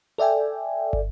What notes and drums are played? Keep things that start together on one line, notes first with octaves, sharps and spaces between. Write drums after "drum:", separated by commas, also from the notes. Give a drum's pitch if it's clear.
A4 D5 E5 G5 G#5
drum: kick